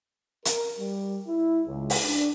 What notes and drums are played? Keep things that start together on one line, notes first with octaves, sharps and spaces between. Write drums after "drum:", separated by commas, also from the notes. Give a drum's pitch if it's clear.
A#4, drum: hi-hat
G3
E4
C#2
drum: open hi-hat
D4